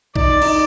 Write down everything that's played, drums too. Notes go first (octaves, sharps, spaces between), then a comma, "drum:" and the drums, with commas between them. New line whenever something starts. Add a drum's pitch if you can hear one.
D#4 D5, drum: kick A#1
D#4, drum: cymbal